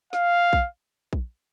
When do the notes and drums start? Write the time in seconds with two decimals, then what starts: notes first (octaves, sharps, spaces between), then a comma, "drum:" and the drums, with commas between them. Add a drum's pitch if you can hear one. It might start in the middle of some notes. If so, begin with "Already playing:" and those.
0.13 F5, drum: snare
0.53 drum: kick A#1
1.13 drum: kick A#1